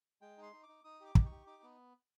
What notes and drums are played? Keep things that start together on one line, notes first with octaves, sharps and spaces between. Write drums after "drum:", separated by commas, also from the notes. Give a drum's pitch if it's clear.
G#3 G5
D#4
C6
D#4
D6
D#4
D#4 D#6
G4 D6
D#4, drum: kick
C#6
G4
D#4 D6
B3